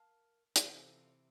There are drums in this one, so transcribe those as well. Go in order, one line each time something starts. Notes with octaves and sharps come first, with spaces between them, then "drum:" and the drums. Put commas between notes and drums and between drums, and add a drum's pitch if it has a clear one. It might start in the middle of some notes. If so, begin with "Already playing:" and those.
Already playing: A#4 F5 A5
C3 E3 F4 A4 C5 F5, drum: hi-hat